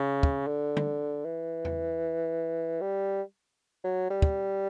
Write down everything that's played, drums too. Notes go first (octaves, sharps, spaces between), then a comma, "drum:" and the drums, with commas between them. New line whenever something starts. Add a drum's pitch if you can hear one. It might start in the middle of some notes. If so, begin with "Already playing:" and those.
Already playing: C#3
drum: kick
D3
drum: tom D3
E3
drum: tom E2
G3
F#3
G3
drum: kick